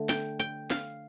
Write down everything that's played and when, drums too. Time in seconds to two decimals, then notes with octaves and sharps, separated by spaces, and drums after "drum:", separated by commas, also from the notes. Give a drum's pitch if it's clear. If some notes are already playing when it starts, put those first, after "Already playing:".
Already playing: D3 A3
0.09 G5, drum: snare
0.39 G5
0.70 F5, drum: snare